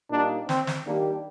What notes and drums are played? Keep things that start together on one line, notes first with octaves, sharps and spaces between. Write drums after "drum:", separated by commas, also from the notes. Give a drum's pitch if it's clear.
A#2 G3 A#3 D4 D#4
C4, drum: snare
drum: snare
D#3 G3 A#3 D4 G4